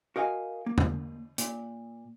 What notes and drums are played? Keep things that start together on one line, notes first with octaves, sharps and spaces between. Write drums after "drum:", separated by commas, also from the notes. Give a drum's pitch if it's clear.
F#4 A#4 D#5 F5 G#5
A#3
drum: tom E2
A#2, drum: hi-hat